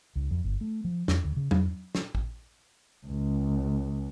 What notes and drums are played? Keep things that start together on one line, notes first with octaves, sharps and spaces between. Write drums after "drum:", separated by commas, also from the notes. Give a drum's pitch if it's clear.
C#2
F2
G1
A3
F3
F2, drum: snare
D2
C#3
F2, drum: tom
drum: snare
drum: kick A1
C#2